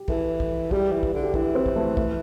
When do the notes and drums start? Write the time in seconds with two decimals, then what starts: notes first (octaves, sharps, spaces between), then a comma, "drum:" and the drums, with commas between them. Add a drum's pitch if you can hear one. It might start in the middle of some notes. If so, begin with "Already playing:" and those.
Already playing: G4
0.08 E3 A4, drum: kick
0.40 drum: kick
0.71 G3 G4, drum: kick
0.92 E3
1.03 drum: kick
1.14 D3
1.23 G4
1.34 E3 E4, drum: kick
1.55 C4
1.66 drum: kick
1.76 A3
1.97 A3, drum: kick